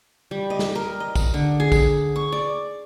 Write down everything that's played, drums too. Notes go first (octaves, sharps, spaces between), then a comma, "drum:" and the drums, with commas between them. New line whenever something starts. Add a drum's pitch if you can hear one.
G3
D#5
drum: snare
A#4
D#5
drum: kick, tambourine
D3
G#4
drum: kick, tambourine
C#6
D5